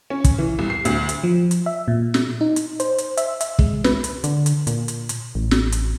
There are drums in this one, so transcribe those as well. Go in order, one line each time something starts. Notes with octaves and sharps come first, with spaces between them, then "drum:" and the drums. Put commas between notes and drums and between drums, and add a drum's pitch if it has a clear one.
C#4
drum: kick, hi-hat
E3
C2
C7
D2, drum: hi-hat
drum: hi-hat
F3
drum: hi-hat
E5
A#2
drum: snare
D#4
drum: hi-hat
C5, drum: hi-hat
drum: hi-hat
E5, drum: hi-hat
E5, drum: hi-hat
G#3, drum: kick
B4, drum: snare
drum: hi-hat
D3, drum: hi-hat
drum: hi-hat
A#2, drum: hi-hat
drum: hi-hat
drum: hi-hat
A1
drum: snare
drum: hi-hat